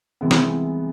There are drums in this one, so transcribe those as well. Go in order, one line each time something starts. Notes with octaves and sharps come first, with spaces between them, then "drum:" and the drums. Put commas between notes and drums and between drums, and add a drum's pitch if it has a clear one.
C2 C3 E3 G#3 B3
drum: snare